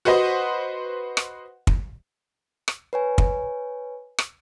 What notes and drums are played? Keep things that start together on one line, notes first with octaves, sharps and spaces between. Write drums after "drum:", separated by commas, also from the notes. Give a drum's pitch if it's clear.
F#4 B4 C5 D#5 F#5
drum: rim click
drum: kick
drum: rim click
B4 C#5 G#5
drum: kick
drum: rim click